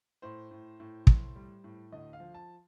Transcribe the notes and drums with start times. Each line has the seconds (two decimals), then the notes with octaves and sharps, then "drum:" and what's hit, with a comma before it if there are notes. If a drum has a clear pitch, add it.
0.22 A2 C5
0.51 A2
0.80 A2
1.07 A2, drum: kick
1.36 G3
1.64 A2
1.92 D2 D#5
2.13 F5
2.20 F3
2.34 A5